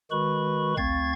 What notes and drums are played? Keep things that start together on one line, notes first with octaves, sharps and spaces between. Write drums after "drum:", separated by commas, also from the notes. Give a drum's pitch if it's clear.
D#3 G#3 F#4 B4 B5 C#6
D2 C4 F5 C#6 G#6 A6, drum: kick A1